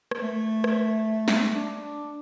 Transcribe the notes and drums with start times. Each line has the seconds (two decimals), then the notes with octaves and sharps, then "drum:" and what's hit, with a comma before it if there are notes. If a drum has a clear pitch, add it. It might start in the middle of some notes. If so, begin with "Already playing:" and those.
0.11 drum: rim click
0.22 A3
0.64 drum: rim click
1.28 drum: snare
1.55 D4